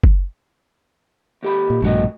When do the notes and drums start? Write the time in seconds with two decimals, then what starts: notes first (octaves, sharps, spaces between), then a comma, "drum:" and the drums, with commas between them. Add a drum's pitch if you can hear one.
0.04 drum: kick F#1
1.43 D#2 G4 B5
1.70 A#2
1.82 A#1 G2 B2 A3 F#4 D#5